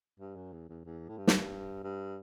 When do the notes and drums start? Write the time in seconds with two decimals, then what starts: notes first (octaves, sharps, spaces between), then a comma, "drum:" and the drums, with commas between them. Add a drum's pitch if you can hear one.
0.20 G2
0.36 F#2
0.53 E2
0.69 E2
0.85 E2
1.09 A2
1.18 G2
1.27 drum: snare
1.84 G2